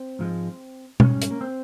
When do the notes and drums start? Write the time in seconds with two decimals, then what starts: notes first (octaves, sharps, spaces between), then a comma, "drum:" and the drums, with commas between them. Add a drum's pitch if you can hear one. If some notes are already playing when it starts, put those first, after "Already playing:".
Already playing: C4
0.19 G#2 F3 G#3
1.00 G#2 G3 C#4, drum: tom B2
1.22 drum: hi-hat
1.31 A#3
1.41 C4